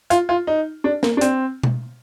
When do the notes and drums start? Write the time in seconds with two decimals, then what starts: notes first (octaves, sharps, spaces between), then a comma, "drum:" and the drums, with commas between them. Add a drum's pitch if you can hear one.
0.10 F4, drum: hi-hat
0.29 F4
0.47 D#4
0.84 D4
1.03 A#3, drum: snare
1.17 D4
1.21 C4, drum: hi-hat
1.63 drum: tom B2